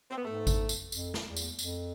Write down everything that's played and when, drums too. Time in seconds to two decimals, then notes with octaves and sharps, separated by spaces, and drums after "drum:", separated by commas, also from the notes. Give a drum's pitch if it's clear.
0.11 C4
0.17 B3
0.24 G#2 A3
0.47 drum: kick G#1, tambourine
0.69 drum: tambourine
0.92 F2, drum: tambourine
1.14 drum: snare
1.26 E2
1.36 drum: tambourine
1.59 F2, drum: tambourine